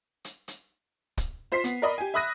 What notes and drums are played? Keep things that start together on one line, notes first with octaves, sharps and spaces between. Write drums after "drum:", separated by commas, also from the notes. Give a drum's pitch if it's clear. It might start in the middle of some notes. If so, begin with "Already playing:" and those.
drum: hi-hat
drum: hi-hat
drum: kick, hi-hat
F4 C5 C6 B6 C7
B3, drum: hi-hat
A#4 D5 D#5 B5
G4 G#5
E5 B5 D#6 F#6 A#6 D#7